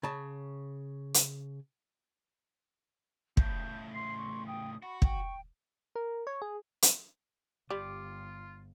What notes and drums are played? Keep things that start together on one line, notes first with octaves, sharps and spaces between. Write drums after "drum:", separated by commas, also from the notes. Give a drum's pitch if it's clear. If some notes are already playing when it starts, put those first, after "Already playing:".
C#3 A5
drum: hi-hat
A2 C#3 A5 G6, drum: kick
C6 C7
C#6
G5 D#6
F#4 B5 C#6
G5, drum: kick
A#4
C#5
G#4
drum: hi-hat
G1 G3 F4 D6